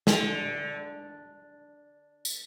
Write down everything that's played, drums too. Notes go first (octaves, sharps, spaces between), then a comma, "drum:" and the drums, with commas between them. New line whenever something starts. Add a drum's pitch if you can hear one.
D3, drum: snare
drum: tambourine